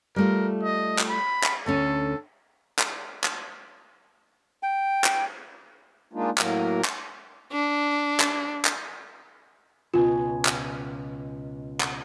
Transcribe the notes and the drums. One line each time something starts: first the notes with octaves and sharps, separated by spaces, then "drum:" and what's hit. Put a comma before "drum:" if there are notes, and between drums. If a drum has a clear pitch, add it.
G3 A3 F4 A#4
D#5
drum: clap
B5
drum: clap
D2 D3 C#4 A4
drum: clap
drum: clap
G5
drum: clap
G#3 A#3 D4 D#4 F4
A2 F#3 A#3 A#4, drum: clap
drum: clap
D4
drum: clap
drum: clap
C#2 B2 F4 G#5
drum: clap
drum: clap